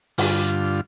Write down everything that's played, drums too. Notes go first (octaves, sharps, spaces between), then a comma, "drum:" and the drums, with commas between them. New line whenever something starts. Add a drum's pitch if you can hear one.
G2 D3 F4, drum: open hi-hat